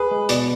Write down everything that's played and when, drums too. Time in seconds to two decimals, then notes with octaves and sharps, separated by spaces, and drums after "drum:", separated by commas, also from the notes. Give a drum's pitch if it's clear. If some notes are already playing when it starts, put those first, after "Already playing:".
Already playing: G#4 B4
0.11 G#3
0.29 B2 D5, drum: hi-hat